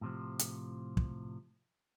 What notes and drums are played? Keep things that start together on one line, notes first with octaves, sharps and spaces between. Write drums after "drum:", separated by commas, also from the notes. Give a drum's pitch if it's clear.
A2 C3 F3
drum: hi-hat
drum: kick